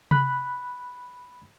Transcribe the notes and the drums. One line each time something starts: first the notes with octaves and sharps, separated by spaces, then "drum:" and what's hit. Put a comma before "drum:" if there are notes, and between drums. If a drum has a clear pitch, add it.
B5 F#6, drum: tom C3